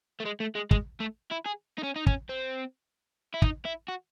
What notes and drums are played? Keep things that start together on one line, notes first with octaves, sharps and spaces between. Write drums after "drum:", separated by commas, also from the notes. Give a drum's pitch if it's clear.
A3
G#3
A3
G#3
G#3, drum: kick
A3
E4
G#4
D#4
C#4
D#4
C#4, drum: kick
C4
E4
D#4, drum: kick
E4
F#4